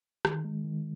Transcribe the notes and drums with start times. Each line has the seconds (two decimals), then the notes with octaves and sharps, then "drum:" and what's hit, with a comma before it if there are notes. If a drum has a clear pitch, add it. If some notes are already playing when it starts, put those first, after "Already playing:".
0.25 D#3, drum: rim click
0.44 G#3
0.64 D#3